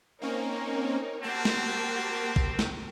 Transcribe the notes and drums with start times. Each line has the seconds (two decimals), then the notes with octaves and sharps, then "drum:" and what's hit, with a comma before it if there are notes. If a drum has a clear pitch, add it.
0.22 A#3 C4 C#4 D#4 A#4 C#5
1.23 A#3 C4 F#4 G4 A#4 F#5 A5
1.45 drum: snare
2.36 drum: kick A1
2.59 drum: snare